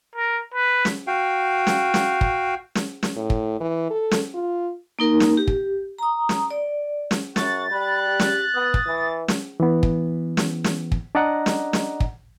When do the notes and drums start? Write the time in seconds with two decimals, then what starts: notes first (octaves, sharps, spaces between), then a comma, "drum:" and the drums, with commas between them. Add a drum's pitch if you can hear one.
0.16 A#4
0.55 B4
0.85 drum: snare
1.07 F#4 F5 G5
1.67 drum: snare
1.94 drum: snare
2.21 drum: kick
2.75 drum: snare
3.03 drum: snare
3.16 A2
3.30 drum: kick
3.60 E3
3.91 A4
4.11 drum: snare
4.34 F4
4.99 A#3 D#4 A#4
5.20 drum: snare
5.37 G4
5.47 drum: kick
5.98 A#5 D#6
6.29 drum: snare
6.51 D5
7.11 drum: snare
7.36 F#2 F#5 C#6 A6, drum: snare
7.71 G3 B5 F#6
8.06 G4
8.20 drum: snare
8.55 B3 D#6
8.74 drum: kick
8.87 E3
9.28 drum: snare
9.60 E3 B3
9.83 drum: kick
10.37 drum: snare
10.64 drum: snare
10.92 drum: kick
11.15 D4 D5 D#5 F#5 A#5
11.46 drum: snare
11.73 drum: snare
12.00 drum: kick